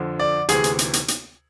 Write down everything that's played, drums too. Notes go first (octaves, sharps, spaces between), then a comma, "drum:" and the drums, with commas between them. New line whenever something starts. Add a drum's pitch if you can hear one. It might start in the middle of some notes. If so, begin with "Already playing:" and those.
Already playing: F2 D3 F3
D5
D2 C3 E3 G#4, drum: hi-hat
drum: hi-hat
drum: hi-hat
drum: hi-hat
drum: hi-hat